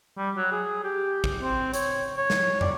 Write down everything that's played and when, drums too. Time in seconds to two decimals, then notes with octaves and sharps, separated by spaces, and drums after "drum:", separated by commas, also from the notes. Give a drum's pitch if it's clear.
0.17 G3
0.37 F#3
0.52 G#4
0.84 G4
1.24 drum: kick
1.42 C4
1.74 C#5, drum: hi-hat
2.17 C#5
2.30 drum: snare
2.61 D5, drum: tom